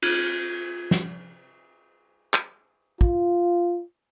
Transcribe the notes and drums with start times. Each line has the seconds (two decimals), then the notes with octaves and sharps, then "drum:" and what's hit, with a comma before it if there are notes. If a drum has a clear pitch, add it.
0.02 F4 G#6 D#7, drum: cymbal
0.91 drum: snare
2.34 drum: clap
3.01 F4, drum: kick